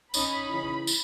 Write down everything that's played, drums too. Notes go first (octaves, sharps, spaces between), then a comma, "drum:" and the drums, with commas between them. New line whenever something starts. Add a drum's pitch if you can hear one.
C#4 D#4 B5, drum: tambourine
C#3 E3 E4
drum: tambourine